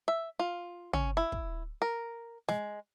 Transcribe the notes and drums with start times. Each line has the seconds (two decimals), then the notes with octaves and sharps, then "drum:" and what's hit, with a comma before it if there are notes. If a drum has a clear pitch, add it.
0.08 E5
0.39 F4
0.93 C#4, drum: tom
1.17 E4
1.32 drum: kick
1.82 A#4
2.49 G#3, drum: snare